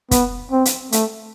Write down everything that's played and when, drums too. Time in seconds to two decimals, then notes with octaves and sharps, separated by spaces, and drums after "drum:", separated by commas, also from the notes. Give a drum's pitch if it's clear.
0.11 B3, drum: kick, hi-hat
0.52 C4
0.65 drum: hi-hat
0.92 A3, drum: hi-hat